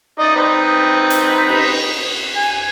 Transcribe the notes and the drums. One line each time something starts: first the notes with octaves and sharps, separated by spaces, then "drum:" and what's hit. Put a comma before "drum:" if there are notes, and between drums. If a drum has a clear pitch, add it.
D#4 D5 D#5
C4 D#4 B4
drum: hi-hat
drum: cymbal
G#5